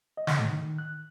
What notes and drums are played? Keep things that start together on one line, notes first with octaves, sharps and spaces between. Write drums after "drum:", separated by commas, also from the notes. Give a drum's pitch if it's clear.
D#5
drum: snare
A2
D#3
F#6